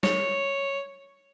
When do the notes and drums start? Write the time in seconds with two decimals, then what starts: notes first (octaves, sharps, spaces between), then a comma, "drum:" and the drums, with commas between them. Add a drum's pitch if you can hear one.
0.03 C#5, drum: snare